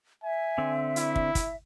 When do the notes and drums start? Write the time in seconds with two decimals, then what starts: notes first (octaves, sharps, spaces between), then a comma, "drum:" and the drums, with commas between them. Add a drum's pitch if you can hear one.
0.23 E5 G#5
0.58 D3 C4
0.96 E4, drum: hi-hat
1.16 drum: kick
1.35 drum: kick, hi-hat